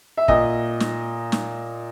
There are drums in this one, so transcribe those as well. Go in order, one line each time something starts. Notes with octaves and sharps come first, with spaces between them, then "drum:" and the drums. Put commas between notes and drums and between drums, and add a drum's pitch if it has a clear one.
E5
A#2 D#5, drum: kick
drum: snare
drum: snare